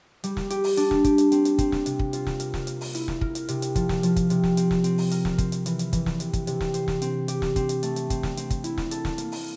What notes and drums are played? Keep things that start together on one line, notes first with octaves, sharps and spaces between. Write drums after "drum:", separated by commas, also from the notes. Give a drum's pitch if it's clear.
G3, drum: hi-hat
drum: snare
G4, drum: hi-hat
drum: open hi-hat
D4, drum: hi-hat
drum: snare
G4, drum: kick, hi-hat
drum: hi-hat
C4, drum: hi-hat
drum: hi-hat
C4, drum: kick, hi-hat
drum: snare
C3, drum: hi-hat
drum: kick
F4, drum: hi-hat
drum: snare
A#4, drum: hi-hat
drum: snare
A#3, drum: hi-hat
drum: open hi-hat
E4, drum: hi-hat
drum: snare
A#4, drum: kick
drum: hi-hat
C3, drum: hi-hat
drum: hi-hat
F3, drum: kick, hi-hat
drum: snare
F3, drum: hi-hat
drum: kick, hi-hat
C3, drum: hi-hat
drum: snare
C4, drum: hi-hat
drum: snare
C4, drum: hi-hat
drum: open hi-hat
A#4, drum: hi-hat
drum: snare
C4, drum: kick, hi-hat
drum: hi-hat
E3, drum: hi-hat
drum: hi-hat
E3, drum: kick, hi-hat
drum: snare
C3, drum: hi-hat
drum: kick, hi-hat
C3, drum: hi-hat
drum: snare
C5, drum: hi-hat
drum: snare
C4, drum: hi-hat
G4, drum: hi-hat
drum: snare
C4, drum: kick, hi-hat
drum: hi-hat
A3, drum: hi-hat
drum: hi-hat
C4, drum: kick, hi-hat
drum: snare
C4, drum: hi-hat
drum: kick, hi-hat
E4, drum: hi-hat
drum: snare
A4, drum: hi-hat
drum: snare
A#3, drum: hi-hat
drum: open hi-hat